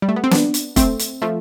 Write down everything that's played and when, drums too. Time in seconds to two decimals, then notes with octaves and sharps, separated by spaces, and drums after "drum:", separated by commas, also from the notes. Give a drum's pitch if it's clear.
0.02 G3
0.09 A3
0.16 B3
0.24 C4
0.31 B3 D4, drum: snare
0.54 drum: hi-hat
0.76 A3 C4, drum: kick, hi-hat
0.99 drum: hi-hat
1.22 F3 A3